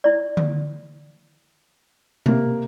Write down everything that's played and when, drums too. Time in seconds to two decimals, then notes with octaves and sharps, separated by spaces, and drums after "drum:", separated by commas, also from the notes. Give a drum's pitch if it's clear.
0.04 E4 D5
0.37 drum: tom D3
2.26 C3 A#3, drum: tom B2